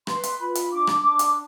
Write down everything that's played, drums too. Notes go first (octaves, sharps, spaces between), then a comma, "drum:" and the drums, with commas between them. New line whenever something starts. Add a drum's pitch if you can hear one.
B4 C6, drum: rim click
drum: hi-hat
F4 B5
drum: hi-hat
D4 D6
drum: rim click
D4 D6
drum: hi-hat